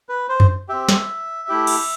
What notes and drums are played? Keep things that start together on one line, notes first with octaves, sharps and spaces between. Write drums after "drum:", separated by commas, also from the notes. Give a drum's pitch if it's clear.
B4
C5
drum: tom F2
C4 G4 E5
drum: snare
A3 E4 G4
drum: cymbal